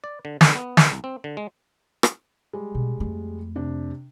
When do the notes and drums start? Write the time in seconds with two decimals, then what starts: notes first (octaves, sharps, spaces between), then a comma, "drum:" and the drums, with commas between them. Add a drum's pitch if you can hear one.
0.04 D5
0.25 D3
0.41 D3, drum: snare
0.55 B3
0.77 E5, drum: snare
0.90 C2
1.04 C4
1.24 D3
1.37 G#3
2.03 drum: rim click
2.53 G3 G#3
2.75 B2
3.00 F2 A3
3.56 C3 D4